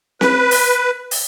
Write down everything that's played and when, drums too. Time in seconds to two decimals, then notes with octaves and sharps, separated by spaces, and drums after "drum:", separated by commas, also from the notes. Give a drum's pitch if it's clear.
0.21 B4, drum: snare C4
0.51 drum: open hi-hat
1.11 drum: open hi-hat